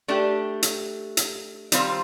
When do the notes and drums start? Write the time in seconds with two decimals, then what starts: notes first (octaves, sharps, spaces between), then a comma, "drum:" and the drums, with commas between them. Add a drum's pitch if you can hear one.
0.08 A3 D4 G4
0.63 drum: hi-hat
1.17 drum: hi-hat
1.72 D#3 G3 C4 F4 C5, drum: hi-hat